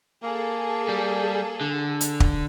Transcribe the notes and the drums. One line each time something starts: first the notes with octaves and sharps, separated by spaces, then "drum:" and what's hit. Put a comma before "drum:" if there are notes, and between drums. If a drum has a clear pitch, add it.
A#3 G#4 A4
G3
D3
drum: hi-hat
drum: kick